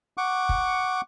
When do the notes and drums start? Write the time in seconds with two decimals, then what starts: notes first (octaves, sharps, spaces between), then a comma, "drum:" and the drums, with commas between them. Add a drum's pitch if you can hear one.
0.17 F#5 C#6 D6
0.49 drum: kick